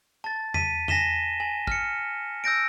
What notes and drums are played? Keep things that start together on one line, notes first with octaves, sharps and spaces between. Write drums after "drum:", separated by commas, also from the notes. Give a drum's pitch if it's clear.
A5 A6
A5 B6 D#7, drum: tom E2
G#5 A#6 B6 E7 G7, drum: tom E2
G#5
F6 C#7, drum: kick
E6 G6 A#6 D7